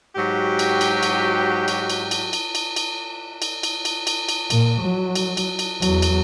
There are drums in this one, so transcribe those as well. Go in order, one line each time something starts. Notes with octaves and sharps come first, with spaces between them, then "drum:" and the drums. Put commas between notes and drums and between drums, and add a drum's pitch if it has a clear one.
G#2 F#3 F#4 G4
drum: cymbal
drum: cymbal
drum: cymbal
drum: cymbal
drum: cymbal
drum: cymbal
drum: cymbal
drum: cymbal
drum: cymbal
drum: cymbal
drum: cymbal
drum: cymbal
drum: cymbal
drum: cymbal
A#2, drum: cymbal
F#3
drum: cymbal
drum: cymbal
drum: cymbal
E2 F#3, drum: cymbal
drum: cymbal